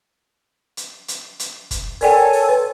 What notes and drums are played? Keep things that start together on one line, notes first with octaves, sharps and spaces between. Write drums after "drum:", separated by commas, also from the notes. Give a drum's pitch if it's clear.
drum: hi-hat
drum: hi-hat
drum: hi-hat
drum: kick, hi-hat
A4 A#4 C#5 D5 G5 G#5, drum: open hi-hat
drum: open hi-hat
B4